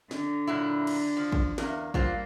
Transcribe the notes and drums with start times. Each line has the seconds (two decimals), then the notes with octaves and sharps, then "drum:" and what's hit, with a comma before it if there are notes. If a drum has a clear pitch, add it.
0.11 D3, drum: snare
0.47 A#2 F#3 E4
0.87 drum: cymbal
1.17 F3
1.32 drum: kick
1.58 E2 A#3, drum: snare
1.94 F#3 G3 A#3 F4 C5, drum: kick